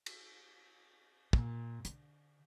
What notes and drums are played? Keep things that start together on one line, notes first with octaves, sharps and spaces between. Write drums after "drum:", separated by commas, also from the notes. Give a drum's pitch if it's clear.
drum: cymbal
A#2, drum: kick
D3, drum: hi-hat